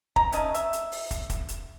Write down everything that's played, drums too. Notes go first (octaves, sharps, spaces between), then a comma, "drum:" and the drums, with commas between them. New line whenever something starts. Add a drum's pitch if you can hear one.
A#5, drum: kick
A3 C#4 D#4 D#5, drum: hi-hat
E5, drum: hi-hat
drum: hi-hat
drum: open hi-hat
drum: kick, hi-hat
drum: kick, hi-hat
drum: hi-hat